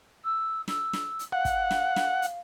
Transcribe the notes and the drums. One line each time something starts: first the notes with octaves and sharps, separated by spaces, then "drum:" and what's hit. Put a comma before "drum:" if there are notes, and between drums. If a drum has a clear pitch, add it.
E6
E6, drum: snare
drum: snare
drum: hi-hat
F5 F#5
drum: kick, hi-hat
drum: snare
drum: snare
drum: hi-hat